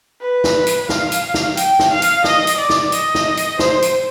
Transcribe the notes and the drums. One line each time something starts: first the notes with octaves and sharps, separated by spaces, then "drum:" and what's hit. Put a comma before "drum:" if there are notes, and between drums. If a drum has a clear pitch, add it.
B4
drum: snare
drum: hi-hat
F5, drum: snare
drum: hi-hat
drum: snare
G5, drum: hi-hat
drum: snare
F5
drum: hi-hat
D#5, drum: snare
drum: hi-hat
D5
drum: snare
D#5, drum: hi-hat
drum: snare
drum: hi-hat
C5, drum: snare
drum: hi-hat